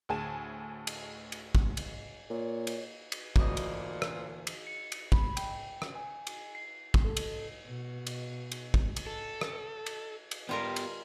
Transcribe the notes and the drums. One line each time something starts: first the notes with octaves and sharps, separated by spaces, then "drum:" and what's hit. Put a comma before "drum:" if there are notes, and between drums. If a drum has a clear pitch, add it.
D2 A2 G#4 G#5 A5 E7
drum: cymbal
drum: cymbal
drum: kick
drum: cymbal
A#2 C#5
drum: cymbal
drum: cymbal
D2 A#2 E3 D#5, drum: kick
drum: cymbal
drum: rim click
drum: cymbal
C#7
drum: cymbal
B5, drum: kick
G5, drum: cymbal
drum: rim click
G#5
drum: cymbal
C7
drum: kick
A4
drum: cymbal
B2
drum: cymbal
drum: cymbal
drum: kick
drum: cymbal
A4
drum: rim click
drum: cymbal
drum: cymbal
G3 B3 F4 G4 A#4
drum: cymbal